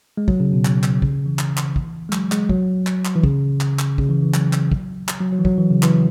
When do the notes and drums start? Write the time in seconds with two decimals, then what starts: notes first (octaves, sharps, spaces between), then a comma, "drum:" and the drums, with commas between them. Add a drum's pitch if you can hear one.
0.17 G#3
0.28 F#3, drum: kick
0.40 C#3
0.53 B2
0.65 drum: clap
0.83 drum: clap
1.02 C#3, drum: kick
1.26 E3
1.39 drum: clap
1.57 drum: clap
1.76 drum: kick
2.09 G#3
2.13 F#3, drum: clap
2.32 G#3, drum: clap
2.49 F#3, drum: kick
2.87 drum: clap
3.05 drum: clap
3.15 E3
3.23 C#3, drum: kick
3.61 drum: clap
3.79 drum: clap
3.98 C#3, drum: kick
4.09 E3
4.22 E3
4.34 F#3, drum: clap
4.53 drum: clap
4.72 drum: kick
5.08 drum: clap
5.20 F#3
5.33 F#3
5.39 E3
5.45 F#3, drum: kick
5.58 E3
5.70 C#3
5.83 E3, drum: clap